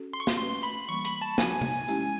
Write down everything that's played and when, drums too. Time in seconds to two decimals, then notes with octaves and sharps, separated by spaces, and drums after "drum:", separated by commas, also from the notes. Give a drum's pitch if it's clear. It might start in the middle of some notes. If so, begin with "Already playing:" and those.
Already playing: C#4 F#4 A4
0.13 C6
0.20 C#6
0.27 C6, drum: snare
0.38 A3 C#4 F#4 B4 C6
0.63 B5
0.89 E3 G3 A#3 C#6
1.05 B5, drum: hi-hat
1.22 A5
1.38 F3 A#3 D#4 F#4 G#5, drum: snare
1.61 drum: tom C3
1.88 G#3 C#4 E4 G4, drum: tambourine